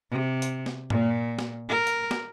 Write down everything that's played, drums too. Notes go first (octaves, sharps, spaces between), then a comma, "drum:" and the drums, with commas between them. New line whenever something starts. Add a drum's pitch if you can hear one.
C3
drum: hi-hat
drum: snare
A#2, drum: tom G2
drum: snare
A#4
drum: hi-hat
drum: snare